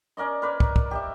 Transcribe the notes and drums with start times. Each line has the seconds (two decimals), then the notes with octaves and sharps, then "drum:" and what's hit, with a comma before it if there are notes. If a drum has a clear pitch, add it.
0.17 C#4 A#4 D5 D#5
0.42 A#4 B4 C#5 D5
0.60 drum: kick
0.76 drum: kick
0.91 G4 D#5 E5